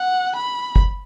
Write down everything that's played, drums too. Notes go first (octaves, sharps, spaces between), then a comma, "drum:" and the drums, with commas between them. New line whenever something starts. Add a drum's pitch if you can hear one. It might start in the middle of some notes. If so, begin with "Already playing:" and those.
Already playing: F#5
B5
drum: kick